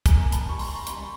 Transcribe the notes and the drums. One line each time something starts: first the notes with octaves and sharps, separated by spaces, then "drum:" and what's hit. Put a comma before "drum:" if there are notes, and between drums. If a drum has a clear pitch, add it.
A#3 G#5 A#5, drum: kick, hi-hat
A5 B5, drum: hi-hat
G3 C#6
A#5 C6, drum: open hi-hat
G3 B5 C#6, drum: hi-hat